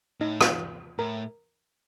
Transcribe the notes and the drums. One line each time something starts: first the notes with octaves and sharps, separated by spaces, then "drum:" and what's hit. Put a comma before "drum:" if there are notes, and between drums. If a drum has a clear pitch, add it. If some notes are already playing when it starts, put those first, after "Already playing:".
A2 D#4 D#5
F4 F5, drum: rim click
A2 A#4 A#5